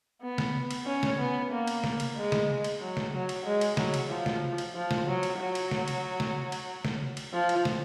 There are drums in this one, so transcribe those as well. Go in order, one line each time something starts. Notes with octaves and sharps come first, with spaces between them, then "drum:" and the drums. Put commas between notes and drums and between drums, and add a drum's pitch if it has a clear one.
B3
drum: snare
drum: cymbal
C#4
drum: snare
B3
A#3
drum: cymbal
drum: snare
drum: cymbal
G#3
drum: snare
drum: cymbal
F#3
drum: snare
F#3
drum: cymbal
G#3
drum: cymbal
F#3, drum: snare
drum: cymbal
F3
drum: snare
drum: cymbal
F3
drum: snare
F#3
drum: cymbal
F#3
drum: cymbal
drum: snare
drum: cymbal
drum: snare
drum: cymbal
drum: snare
drum: cymbal
F3
drum: cymbal
drum: snare